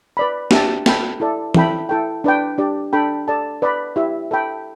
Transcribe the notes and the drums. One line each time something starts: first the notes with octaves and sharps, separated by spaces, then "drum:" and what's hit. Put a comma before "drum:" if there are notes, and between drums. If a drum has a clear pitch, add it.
B4 D5 B5
D4 G4 E5 A5, drum: snare
A4 E5 G5 B5, drum: snare
E4 A4 D5
E4 A4 G5 B5, drum: tom
E4 A4 G5
D4 B4 D5 G5
D4 G4 D5
D4 A4 G5 B5
A4 D5 A5
B4 D5 B5
E4 G4 E5
A4 E5 G5 B5